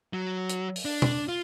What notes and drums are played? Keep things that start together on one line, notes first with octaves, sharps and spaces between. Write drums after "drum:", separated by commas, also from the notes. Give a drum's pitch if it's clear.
F#3
drum: hi-hat
drum: open hi-hat
D4
drum: tom B2
F4